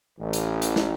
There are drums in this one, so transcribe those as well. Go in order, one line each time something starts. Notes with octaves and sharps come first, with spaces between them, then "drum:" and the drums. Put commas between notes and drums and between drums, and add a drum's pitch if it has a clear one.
A1
drum: hi-hat
drum: hi-hat
drum: snare